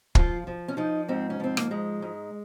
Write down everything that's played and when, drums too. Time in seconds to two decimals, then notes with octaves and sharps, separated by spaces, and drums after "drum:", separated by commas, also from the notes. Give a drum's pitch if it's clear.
0.15 F3 F4, drum: kick
0.47 F3
0.68 C#4
0.77 F3 D#4
1.08 G#2 C4
1.30 C#4
1.40 F3 C4
1.57 A#3, drum: rim click
1.71 G#2 G#3
2.02 G#2